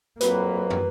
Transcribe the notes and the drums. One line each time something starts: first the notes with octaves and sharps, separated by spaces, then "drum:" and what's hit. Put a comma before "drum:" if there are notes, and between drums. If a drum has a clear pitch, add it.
F2 F#3 A#3 B4, drum: hi-hat
drum: tom